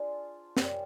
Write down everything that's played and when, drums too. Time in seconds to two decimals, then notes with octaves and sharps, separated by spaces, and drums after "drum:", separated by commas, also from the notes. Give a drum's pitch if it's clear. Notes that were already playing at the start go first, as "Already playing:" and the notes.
Already playing: D4 F4 G#4 C5
0.57 G3 A#3 C#4, drum: snare